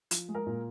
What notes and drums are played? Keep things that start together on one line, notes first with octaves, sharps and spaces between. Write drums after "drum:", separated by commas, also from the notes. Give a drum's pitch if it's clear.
F3, drum: hi-hat
G#3
A#4 A#5
A#2